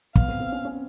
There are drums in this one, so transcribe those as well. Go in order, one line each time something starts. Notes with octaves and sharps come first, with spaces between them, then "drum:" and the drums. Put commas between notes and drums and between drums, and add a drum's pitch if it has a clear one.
B3 F5, drum: kick
C4
C4
C#4
C#4